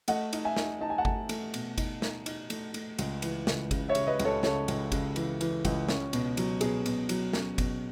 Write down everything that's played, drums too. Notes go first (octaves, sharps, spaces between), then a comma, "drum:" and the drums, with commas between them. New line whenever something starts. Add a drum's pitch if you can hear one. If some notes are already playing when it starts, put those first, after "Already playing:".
A3 D#5 F#5, drum: cymbal
D#4, drum: cymbal
E5 G#5
D#4, drum: snare
D#4 A5
G#5
F#5 A5
A3, drum: kick G1
A3, drum: cymbal
B2, drum: cymbal
D#4, drum: kick G1, cymbal
D#4, drum: snare
D#4, drum: cymbal
A3, drum: cymbal
A3, drum: cymbal
C#2, drum: cymbal
E3, drum: cymbal
C#2, drum: snare
C#3, drum: kick G1, cymbal
C#5 E5
C#3, drum: cymbal
B4 D#5
C#2, drum: cymbal
A4 C#5
C#3 A4 C#5, drum: snare
C#2, drum: cymbal
C#3, drum: kick G1, cymbal
E3, drum: cymbal
E3, drum: cymbal
C#2, drum: kick G1, cymbal
C#4, drum: snare
B2, drum: cymbal
F#3, drum: cymbal
B2 G#4, drum: cymbal
B2, drum: cymbal
F#3, drum: cymbal
C#4, drum: snare
B2, drum: kick G1, cymbal